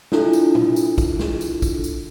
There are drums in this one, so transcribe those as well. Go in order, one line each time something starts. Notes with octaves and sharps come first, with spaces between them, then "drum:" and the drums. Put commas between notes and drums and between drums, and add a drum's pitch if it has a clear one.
D4 E4 F4 A4, drum: snare
drum: tambourine
drum: tom A#2
drum: tambourine
drum: kick, tambourine
drum: snare
drum: tambourine
drum: kick, tambourine
drum: tambourine